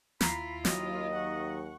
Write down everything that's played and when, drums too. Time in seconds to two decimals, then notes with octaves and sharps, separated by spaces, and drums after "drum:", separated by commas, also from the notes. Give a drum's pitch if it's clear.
0.21 D#2 E4 F4 A#5 B5 C7, drum: snare
0.65 D#2 F#3 D#5, drum: snare
1.13 F#5 C#6